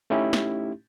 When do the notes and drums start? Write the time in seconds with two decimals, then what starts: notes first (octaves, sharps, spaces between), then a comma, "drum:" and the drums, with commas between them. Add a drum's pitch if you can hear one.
0.10 A3 C#4 D#4 E4 G4
0.33 drum: snare